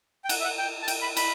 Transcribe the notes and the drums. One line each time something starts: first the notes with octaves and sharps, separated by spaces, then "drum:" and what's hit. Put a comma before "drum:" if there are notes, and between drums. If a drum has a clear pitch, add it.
G5
F#5, drum: cymbal
E5
F#5
G5
A5
G5, drum: cymbal
B5
B5, drum: cymbal